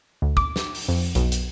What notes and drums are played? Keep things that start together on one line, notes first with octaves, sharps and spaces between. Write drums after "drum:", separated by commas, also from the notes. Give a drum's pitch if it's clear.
D2
D6, drum: kick
drum: snare
drum: open hi-hat
F2
B1, drum: hi-hat
drum: hi-hat